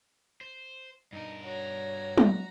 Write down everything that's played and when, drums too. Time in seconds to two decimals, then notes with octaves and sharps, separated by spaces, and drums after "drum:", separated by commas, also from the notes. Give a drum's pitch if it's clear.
0.41 C5
1.12 G2 D#4 A#4
1.43 F#4 C#5 A#5
2.18 drum: tom